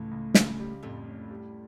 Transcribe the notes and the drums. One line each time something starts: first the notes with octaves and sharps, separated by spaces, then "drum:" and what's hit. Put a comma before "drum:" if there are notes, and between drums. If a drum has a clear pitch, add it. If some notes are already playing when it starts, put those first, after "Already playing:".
Already playing: C#2 A2 C#3 E3 A3
C#2
C#3, drum: snare
G3
F2 A2 A3
C#4
G3